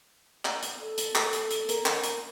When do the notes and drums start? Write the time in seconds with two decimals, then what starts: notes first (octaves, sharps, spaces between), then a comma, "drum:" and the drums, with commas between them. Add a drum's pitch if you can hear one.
0.45 drum: clap
0.63 drum: hi-hat
0.80 A4
0.98 drum: hi-hat
1.15 drum: clap
1.33 drum: hi-hat
1.51 drum: hi-hat
1.69 A#3, drum: hi-hat
1.86 drum: clap
2.03 drum: hi-hat